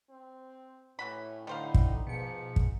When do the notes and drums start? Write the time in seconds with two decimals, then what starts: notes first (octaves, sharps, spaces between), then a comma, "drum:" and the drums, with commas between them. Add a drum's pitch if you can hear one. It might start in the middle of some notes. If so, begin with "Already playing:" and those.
0.10 C4
0.99 A2 E3 C#4 F#4 B5
1.47 A2 D3 G3 D#4 C5 F5
1.74 drum: kick
2.07 G#2 B2 F3 C#7
2.56 drum: kick